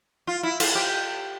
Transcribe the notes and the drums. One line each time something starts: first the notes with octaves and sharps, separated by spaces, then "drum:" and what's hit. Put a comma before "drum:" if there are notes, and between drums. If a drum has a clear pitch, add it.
F4
E4
F4, drum: cymbal
G4